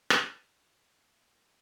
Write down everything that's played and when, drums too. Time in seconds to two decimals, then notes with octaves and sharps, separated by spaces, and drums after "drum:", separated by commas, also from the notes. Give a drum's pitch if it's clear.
0.10 drum: rim click
0.51 C3
0.72 A#3 D5
0.85 C#3
1.10 D#3
1.38 E2 C#3